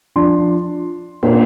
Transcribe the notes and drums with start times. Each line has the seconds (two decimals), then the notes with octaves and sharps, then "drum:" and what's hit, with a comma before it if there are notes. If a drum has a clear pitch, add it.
0.16 F3 D4 C6
1.23 A#2 A#3 D4, drum: cymbal